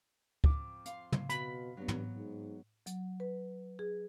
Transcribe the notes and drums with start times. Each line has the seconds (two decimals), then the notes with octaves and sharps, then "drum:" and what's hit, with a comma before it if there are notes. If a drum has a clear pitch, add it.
0.44 F2 D6, drum: kick
0.85 F5 C6, drum: hi-hat
1.12 drum: tom
1.30 B2 B5, drum: hi-hat
1.77 G2 F#3 B3
1.88 drum: tom
2.16 G#2
2.86 F#3, drum: hi-hat
3.20 B4
3.79 G#4